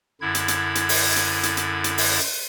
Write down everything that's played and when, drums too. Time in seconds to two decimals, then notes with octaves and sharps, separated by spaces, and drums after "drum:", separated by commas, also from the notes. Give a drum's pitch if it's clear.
0.21 F#2 D3 E4 G#6
0.35 drum: hi-hat
0.48 drum: hi-hat
0.75 drum: hi-hat
0.89 drum: open hi-hat
1.16 drum: hi-hat
1.43 drum: hi-hat
1.57 drum: hi-hat
1.84 drum: hi-hat
1.98 drum: open hi-hat